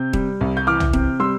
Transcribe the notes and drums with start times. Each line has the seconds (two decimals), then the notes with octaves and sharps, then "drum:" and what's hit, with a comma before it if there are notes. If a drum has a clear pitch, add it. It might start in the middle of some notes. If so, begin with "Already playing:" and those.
Already playing: C3 G6
0.13 G3, drum: kick D#1
0.41 C2
0.57 G6
0.67 E3 D6 F6
0.80 drum: tom
0.93 C3, drum: kick D#1
1.20 G3 C6 E6